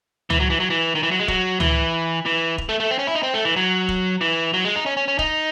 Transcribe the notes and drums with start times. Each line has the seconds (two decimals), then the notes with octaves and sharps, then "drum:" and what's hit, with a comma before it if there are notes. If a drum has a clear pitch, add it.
0.30 E3, drum: tom C#2
0.40 F#3
0.50 E3
0.60 F#3
0.70 E3
0.95 D#3
1.03 E3
1.11 F#3
1.20 G#3
1.28 F#3, drum: kick
1.60 E3, drum: tom C#2
2.26 E3
2.58 drum: kick
2.69 A3
2.80 A3
2.91 C4
2.99 C#4
3.07 E4
3.15 D#4
3.23 C4
3.34 A3
3.45 E3
3.56 F#3
3.89 drum: kick
4.21 E3
4.54 F#3
4.65 G#3
4.75 D#4
4.86 C#4
4.97 C#4
5.08 C#4
5.19 D#4, drum: kick